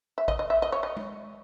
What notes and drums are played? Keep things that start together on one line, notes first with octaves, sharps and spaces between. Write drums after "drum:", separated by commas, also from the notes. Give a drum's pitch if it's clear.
E5
D#5, drum: kick A1
D#5
E5
D#5
C#5
D#5
drum: tom